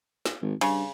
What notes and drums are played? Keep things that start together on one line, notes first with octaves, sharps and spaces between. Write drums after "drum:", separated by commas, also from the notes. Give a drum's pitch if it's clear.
drum: snare
G#1
G2 C#3, drum: cymbal